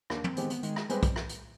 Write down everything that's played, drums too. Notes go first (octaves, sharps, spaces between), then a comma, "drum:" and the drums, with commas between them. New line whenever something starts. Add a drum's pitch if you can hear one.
D#2 D4, drum: rim click
C4, drum: tom
D#3 G#3 B3 C4 G4, drum: hi-hat
B3, drum: hi-hat
D#3 G#3, drum: hi-hat
drum: rim click
G3 G#3 C4 G4 B4, drum: hi-hat
drum: kick, hi-hat
drum: rim click
drum: hi-hat